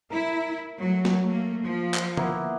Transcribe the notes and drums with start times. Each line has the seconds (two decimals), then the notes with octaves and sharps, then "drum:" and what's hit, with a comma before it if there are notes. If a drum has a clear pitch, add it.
0.10 E4 A#4
0.79 F#3 A3
1.05 drum: snare
1.25 A3 A#3
1.65 F3
1.94 drum: clap
2.17 A#3 B3 E4, drum: tom D3